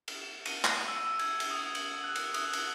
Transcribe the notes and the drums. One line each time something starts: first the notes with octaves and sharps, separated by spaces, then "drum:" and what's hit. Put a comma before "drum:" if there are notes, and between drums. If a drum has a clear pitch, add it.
drum: cymbal
E7
D#7, drum: cymbal
drum: clap
E6
E6
G#6, drum: cymbal
drum: cymbal
D#6
F#7, drum: cymbal
F#6
drum: cymbal
D#6, drum: cymbal
drum: cymbal